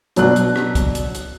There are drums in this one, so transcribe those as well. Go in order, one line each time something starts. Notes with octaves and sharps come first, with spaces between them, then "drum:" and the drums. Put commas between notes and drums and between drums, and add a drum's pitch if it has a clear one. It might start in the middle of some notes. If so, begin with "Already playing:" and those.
B2 F#3 D4 F#6, drum: hi-hat
drum: hi-hat
drum: rim click
drum: kick, hi-hat
drum: hi-hat
drum: hi-hat